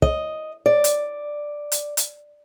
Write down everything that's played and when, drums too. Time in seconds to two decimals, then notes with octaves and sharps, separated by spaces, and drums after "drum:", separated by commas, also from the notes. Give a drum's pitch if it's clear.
0.02 D#5, drum: kick
0.66 D5
0.84 drum: hi-hat
1.72 drum: hi-hat
1.97 drum: hi-hat